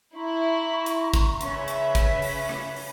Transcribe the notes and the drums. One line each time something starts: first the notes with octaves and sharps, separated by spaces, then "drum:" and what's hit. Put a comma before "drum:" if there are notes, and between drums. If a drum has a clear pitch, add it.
E4 A#5 C6 C#6
drum: hi-hat
drum: kick, hi-hat
C#3 C#4 B4 E5, drum: hi-hat
drum: hi-hat
drum: kick, hi-hat
drum: open hi-hat
drum: rim click
drum: open hi-hat